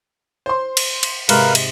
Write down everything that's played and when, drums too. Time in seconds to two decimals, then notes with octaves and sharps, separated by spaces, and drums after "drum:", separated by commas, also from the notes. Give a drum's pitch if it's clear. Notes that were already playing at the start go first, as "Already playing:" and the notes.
0.46 C5 C6
0.77 drum: cymbal
1.03 drum: cymbal
1.29 G#2 C3 D#4 A#4 B4 F5, drum: cymbal
1.55 drum: cymbal